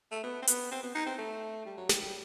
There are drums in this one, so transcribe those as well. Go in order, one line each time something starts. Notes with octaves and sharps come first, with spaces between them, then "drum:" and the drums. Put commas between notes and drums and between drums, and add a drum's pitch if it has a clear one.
A3
B3
C4
B3, drum: hi-hat
C4
B3
D#4
C4
A3
G3
F#3
G3, drum: snare
G3